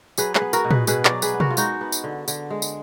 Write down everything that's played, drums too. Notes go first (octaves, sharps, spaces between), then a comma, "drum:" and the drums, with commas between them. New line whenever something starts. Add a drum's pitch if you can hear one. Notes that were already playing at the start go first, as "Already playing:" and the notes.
F#3 G#4 B4, drum: tambourine
G#4 B4, drum: clap
B3
F#4 A#4, drum: tambourine
B2
G#4 B4, drum: tom
B2 G#4 B4, drum: tambourine
A#4 D5, drum: clap
F#3
G#4 B4, drum: tambourine
B3
F#4 A#4, drum: tom
F4
G#3 D#4 F#4, drum: tambourine
B3
drum: tambourine
D3
D3, drum: tambourine
G#3
drum: tambourine